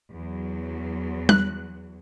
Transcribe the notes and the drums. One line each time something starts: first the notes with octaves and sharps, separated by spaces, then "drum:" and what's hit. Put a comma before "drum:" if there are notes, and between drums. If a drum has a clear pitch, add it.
E2 F#3
F#6, drum: tom G3